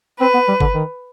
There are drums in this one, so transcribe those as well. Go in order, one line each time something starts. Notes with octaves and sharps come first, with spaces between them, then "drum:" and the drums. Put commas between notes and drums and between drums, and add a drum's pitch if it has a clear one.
C4 B4
B3
G3
D3, drum: kick G1
D#3